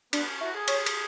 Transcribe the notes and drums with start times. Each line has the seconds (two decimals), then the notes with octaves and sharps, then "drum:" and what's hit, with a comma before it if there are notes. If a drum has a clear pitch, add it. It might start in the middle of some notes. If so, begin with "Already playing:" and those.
0.13 B3 D4, drum: cymbal
0.27 C#4
0.40 E4 F#4
0.54 G#4
0.68 C#5, drum: cymbal
0.86 drum: cymbal